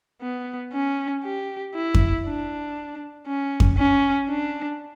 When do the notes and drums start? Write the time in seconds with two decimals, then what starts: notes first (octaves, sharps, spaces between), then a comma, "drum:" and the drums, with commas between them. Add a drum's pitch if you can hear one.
0.21 B3
0.73 C#4
1.24 G4
1.75 E4
1.95 drum: kick F2
2.26 D4
3.27 C#4
3.60 drum: kick F2
3.78 C#4
4.29 D4